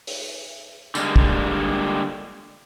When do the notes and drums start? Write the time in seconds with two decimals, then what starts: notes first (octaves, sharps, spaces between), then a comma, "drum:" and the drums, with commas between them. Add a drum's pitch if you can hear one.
0.07 drum: open hi-hat
0.95 D3 G3 G#3 A#3, drum: tambourine
1.16 drum: kick